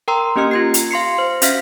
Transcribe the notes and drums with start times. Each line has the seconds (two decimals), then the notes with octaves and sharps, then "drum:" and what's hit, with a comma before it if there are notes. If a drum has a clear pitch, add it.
0.08 A#4 G5 A#5 C6 E6
0.36 A#3 C#4 G4 D#5 F6 C#7
0.51 F4 G#6 C7
0.74 drum: hi-hat
0.91 F5 C6 C7 C#7
1.19 C5
1.42 C#4 F#4 E5 F5 F6 B6, drum: hi-hat